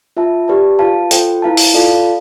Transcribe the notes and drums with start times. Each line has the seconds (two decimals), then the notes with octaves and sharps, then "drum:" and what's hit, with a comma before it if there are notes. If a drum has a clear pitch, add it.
0.17 F4 B4 E5 A5
0.48 G4 B4 D5 A5
0.79 F4 B4 F5 A5
1.11 F4 A4 C5 G5, drum: hi-hat
1.42 E4 B4 F5 A5
1.57 drum: open hi-hat
1.74 F4 A4 D5 F5 A5